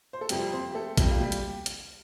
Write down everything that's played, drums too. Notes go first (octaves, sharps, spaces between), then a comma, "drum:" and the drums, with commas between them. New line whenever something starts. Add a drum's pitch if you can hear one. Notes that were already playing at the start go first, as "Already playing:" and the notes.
C5
A4
F2 C3 G3 G4, drum: hi-hat
C4 C5
G4
A3 A4
F2 C3 G3 G4, drum: kick A#1, hi-hat
F4
G3 G4
drum: hi-hat
drum: hi-hat